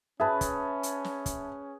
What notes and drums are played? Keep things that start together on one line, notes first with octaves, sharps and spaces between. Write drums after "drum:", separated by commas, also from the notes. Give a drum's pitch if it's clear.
C#4 G#4 B4 E5 A5
drum: kick, hi-hat
drum: hi-hat
drum: snare
drum: kick, hi-hat